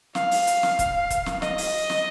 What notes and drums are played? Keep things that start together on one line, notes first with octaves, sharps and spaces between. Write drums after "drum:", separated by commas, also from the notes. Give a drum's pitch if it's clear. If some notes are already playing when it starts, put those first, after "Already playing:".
F5, drum: snare
drum: open hi-hat
drum: hi-hat
drum: snare
drum: kick, hi-hat
drum: kick, hi-hat
drum: snare
D#5, drum: snare
drum: open hi-hat
drum: snare